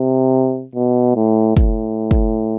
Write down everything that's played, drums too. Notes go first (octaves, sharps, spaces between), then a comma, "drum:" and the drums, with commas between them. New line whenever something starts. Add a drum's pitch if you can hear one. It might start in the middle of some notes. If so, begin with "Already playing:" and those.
Already playing: C3
B2
A2
A2, drum: kick
drum: kick